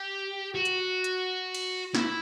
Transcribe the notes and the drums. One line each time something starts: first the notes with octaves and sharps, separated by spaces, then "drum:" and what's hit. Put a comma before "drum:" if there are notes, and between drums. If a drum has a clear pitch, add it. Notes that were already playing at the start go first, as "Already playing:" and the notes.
Already playing: G4
F#4
drum: hi-hat
drum: hi-hat
drum: cymbal
E4, drum: snare